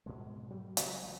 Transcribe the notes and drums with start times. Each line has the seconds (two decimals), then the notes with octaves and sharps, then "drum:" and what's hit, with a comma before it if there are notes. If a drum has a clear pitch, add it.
0.06 G#2 B2 G#3
0.50 F#3 G3 A3 A#3
0.77 C#3 F#3 G#3 A3, drum: hi-hat
1.03 A1